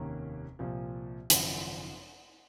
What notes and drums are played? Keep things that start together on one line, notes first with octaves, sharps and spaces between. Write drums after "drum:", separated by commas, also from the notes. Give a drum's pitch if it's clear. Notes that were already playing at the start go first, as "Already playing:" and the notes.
Already playing: F1 D#2 D#3 A#3 C#4
C2 A#2 F3
G#1 F#2 C#3 F3, drum: hi-hat